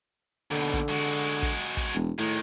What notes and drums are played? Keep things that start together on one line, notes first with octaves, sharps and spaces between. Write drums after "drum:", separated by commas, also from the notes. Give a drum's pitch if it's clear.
D#2 B2 D3
drum: kick, hi-hat
G#3 F#4, drum: hi-hat
drum: open hi-hat
drum: kick, hi-hat
drum: kick, hi-hat
E1, drum: hi-hat
A2 D#3 G#3